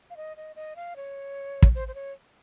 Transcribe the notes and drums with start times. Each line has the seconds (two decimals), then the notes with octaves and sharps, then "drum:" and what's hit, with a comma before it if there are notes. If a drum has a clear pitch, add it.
0.10 F5
0.17 D#5
0.37 D#5
0.56 D#5
0.76 F5
0.96 C#5
1.62 drum: kick
1.75 C5
1.88 C5
1.95 C#5